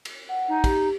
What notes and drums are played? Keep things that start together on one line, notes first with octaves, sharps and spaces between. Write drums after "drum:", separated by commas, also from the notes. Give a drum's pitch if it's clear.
drum: cymbal
F#5
D#4
G4, drum: kick, cymbal